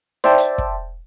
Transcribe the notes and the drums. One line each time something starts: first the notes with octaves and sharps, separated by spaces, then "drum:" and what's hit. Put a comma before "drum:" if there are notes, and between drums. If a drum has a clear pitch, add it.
C5 D5 E5 G5 A5, drum: snare D#4
drum: hi-hat
drum: kick